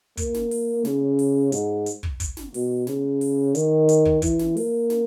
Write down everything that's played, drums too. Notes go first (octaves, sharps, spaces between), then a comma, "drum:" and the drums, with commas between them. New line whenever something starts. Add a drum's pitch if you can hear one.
A#3, drum: kick, hi-hat
drum: snare
drum: open hi-hat
C#3, drum: snare
drum: open hi-hat
G#2, drum: hi-hat
drum: hi-hat
drum: kick
drum: kick, hi-hat
drum: snare
B2, drum: open hi-hat
C#3, drum: snare
drum: open hi-hat
D#3, drum: hi-hat
drum: hi-hat
drum: kick
E3, drum: kick, hi-hat
drum: snare
A#3, drum: open hi-hat
drum: snare